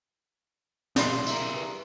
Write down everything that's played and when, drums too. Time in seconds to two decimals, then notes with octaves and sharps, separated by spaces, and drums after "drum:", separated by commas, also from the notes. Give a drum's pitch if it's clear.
0.96 B1 A#2 F4 G#4 C6, drum: snare
1.27 E4 A#4, drum: tambourine
1.53 G2